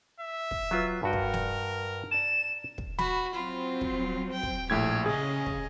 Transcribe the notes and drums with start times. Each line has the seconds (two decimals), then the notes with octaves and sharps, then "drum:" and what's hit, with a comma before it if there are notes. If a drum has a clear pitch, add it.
0.20 E5
0.51 drum: kick
0.71 F#3 F4 B4
1.03 G2 F#4 A#4 G5
1.13 drum: kick
1.34 drum: snare
2.11 D5 A5 E7
2.78 drum: kick
2.99 F#4 B5, drum: snare
3.34 F#3 C4 F4
3.81 drum: kick
4.32 G5
4.43 drum: kick
4.70 A#1 A2 G4 G#6
5.06 C#3 C#4 G#4 D#5
5.46 drum: kick